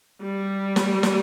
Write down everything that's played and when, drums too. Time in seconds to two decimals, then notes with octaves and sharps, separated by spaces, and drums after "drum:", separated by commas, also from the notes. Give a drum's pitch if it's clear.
0.22 G3
0.76 drum: snare
1.03 drum: snare